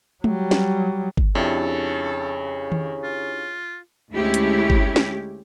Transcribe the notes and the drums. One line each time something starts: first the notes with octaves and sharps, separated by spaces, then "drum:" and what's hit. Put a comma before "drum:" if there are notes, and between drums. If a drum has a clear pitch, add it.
F#3 G3, drum: tom G#3
drum: snare
drum: kick G1
F2 C#3 D4 E4 G4 A4
drum: tom D#3
F4
D2 G#3 A3 C#4 E4 G4
drum: hi-hat
drum: kick G1
drum: snare